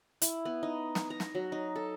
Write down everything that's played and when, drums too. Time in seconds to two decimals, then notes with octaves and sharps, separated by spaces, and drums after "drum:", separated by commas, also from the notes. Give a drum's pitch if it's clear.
0.22 E4, drum: hi-hat
0.45 B3
0.63 D#4
0.95 drum: snare
1.10 A#5
1.20 drum: snare
1.35 F#3
1.52 D#4
1.76 A4